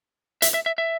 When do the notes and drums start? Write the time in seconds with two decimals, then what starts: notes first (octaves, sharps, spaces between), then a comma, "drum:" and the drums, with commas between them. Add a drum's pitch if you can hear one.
0.42 E5, drum: hi-hat
0.54 E5
0.66 E5
0.78 E5